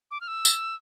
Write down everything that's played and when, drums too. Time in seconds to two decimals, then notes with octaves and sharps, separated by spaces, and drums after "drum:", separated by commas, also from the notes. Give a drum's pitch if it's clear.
0.11 D6
0.21 F6
0.28 E6
0.45 drum: tambourine